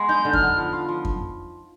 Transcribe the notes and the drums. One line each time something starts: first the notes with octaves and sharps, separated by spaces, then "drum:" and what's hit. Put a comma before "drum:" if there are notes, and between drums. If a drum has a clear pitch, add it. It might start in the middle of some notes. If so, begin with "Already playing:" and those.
Already playing: G#3 B3
D#4 G6
D3
F6, drum: kick F2
B3
F3
F4
F3
drum: kick F2